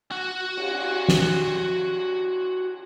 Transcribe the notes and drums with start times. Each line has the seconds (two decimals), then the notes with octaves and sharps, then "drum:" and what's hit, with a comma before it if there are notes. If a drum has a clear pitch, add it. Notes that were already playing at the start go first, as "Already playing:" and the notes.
0.12 F#4 F#5
0.57 drum: cymbal
1.08 drum: snare